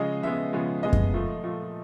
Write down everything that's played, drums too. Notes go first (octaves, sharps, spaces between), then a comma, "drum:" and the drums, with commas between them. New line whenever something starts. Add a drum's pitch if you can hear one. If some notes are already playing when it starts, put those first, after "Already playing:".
Already playing: C#3 F3 G#3 D#5
C#3 F3 G#3 B3 E5
C#3 F3 G#3 B3
C#3 F3 G#3 B3 D#5
drum: kick F#2
A#2 F3 A3
A#2 F3 A3